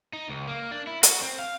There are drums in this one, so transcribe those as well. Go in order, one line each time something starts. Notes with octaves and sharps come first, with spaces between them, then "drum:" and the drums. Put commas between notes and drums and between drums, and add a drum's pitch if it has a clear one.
D#4
C#2
A#3
D4
E4
F#4, drum: hi-hat
C4
F5